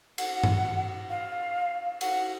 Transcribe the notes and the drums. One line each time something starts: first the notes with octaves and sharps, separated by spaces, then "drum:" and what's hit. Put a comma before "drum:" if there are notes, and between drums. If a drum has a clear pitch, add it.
F#5, drum: cymbal
drum: tom G2
F5
F#5, drum: cymbal